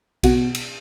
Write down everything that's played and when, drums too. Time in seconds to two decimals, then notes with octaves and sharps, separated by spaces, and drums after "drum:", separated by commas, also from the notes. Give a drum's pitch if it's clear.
0.23 B2 F#4, drum: kick A#1, cymbal
0.55 drum: cymbal